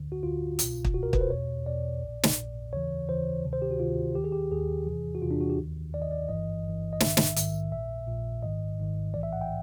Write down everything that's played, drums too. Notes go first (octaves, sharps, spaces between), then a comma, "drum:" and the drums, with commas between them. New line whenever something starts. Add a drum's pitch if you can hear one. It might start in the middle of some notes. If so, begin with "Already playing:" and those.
Already playing: D2 D3
F#4
D2 D3 F4
C2 B2, drum: hi-hat
drum: kick
C2 B2 F#4
A#4
B4, drum: kick
C5
E2 B2 C#5
E2 B2 D5
A#1 A#2
drum: snare
A#1 A#2
D#2 C#3 E3 C#5
D#2 C#3 E3 C5
D2 C3 D#3
C5
G4
F#4
D2 C3 D#3 F4
D#2 D#3 G4
G#4
G4
D#2 D#3 G#4
E2 C3 E3
F#4
E2 C3 E3 F4
D4
F#4
G4
D#2 D#3
D#2 D#3 D5
D#5
D5
G1 G2 E3 D#5
G1 G2 E3
D#5
A#1 G#2 D#3 E5, drum: snare
drum: snare
A#1 G#2 D#3, drum: hi-hat
A#1 A#2 E5
A#1 A#2
G#1 G#2 D#3 D#5
G#1 G#2 D#3
B1 A2 E3 D5
E5
F#5
G5